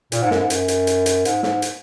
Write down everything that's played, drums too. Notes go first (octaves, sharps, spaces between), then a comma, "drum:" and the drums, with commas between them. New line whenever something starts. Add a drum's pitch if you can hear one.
A#2, drum: hi-hat
G#2
F#2, drum: snare
G#2
F#2, drum: hi-hat
drum: hi-hat
drum: hi-hat
drum: hi-hat
G#2, drum: hi-hat
G#2, drum: snare
drum: hi-hat